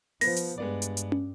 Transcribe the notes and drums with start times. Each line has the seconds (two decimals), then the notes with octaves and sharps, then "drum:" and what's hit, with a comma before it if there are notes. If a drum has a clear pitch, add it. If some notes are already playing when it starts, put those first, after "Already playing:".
0.21 F3 B3 A#6, drum: open hi-hat
0.36 drum: hi-hat
0.58 G2 G#3 B3 D5
0.82 drum: hi-hat
0.97 drum: hi-hat
1.12 drum: tom